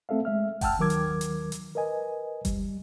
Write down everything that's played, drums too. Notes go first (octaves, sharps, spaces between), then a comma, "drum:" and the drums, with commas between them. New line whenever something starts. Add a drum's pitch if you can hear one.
A3 C4 A4 E5 F5
G#3 E5 F6
F#5 G5 A5 E6 F6, drum: kick F#1, open hi-hat
D#2 D#3 F#3 A#4 D6 G#6
drum: hi-hat
drum: hi-hat
drum: hi-hat
A#4 B4 D#5 G#5
G3, drum: kick F#1, hi-hat